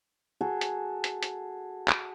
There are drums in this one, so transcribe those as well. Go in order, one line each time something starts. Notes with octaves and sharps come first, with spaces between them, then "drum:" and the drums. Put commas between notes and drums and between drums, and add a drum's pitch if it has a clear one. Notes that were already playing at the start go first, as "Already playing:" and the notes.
F#4 G#4 A4
drum: hi-hat
drum: hi-hat
drum: hi-hat
drum: clap